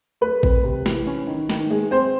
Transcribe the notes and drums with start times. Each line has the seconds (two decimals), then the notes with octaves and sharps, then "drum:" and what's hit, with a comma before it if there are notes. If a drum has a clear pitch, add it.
0.21 A3 B4
0.43 C4, drum: kick A1
0.64 C3
0.86 E3, drum: snare
1.07 C#4
1.27 D#3
1.49 D#3, drum: snare
1.70 G#3
1.91 C4 C5